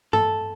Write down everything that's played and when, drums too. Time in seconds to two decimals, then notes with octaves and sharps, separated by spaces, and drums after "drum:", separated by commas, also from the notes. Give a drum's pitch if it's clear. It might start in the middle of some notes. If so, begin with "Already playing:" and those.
0.13 A4, drum: tom G2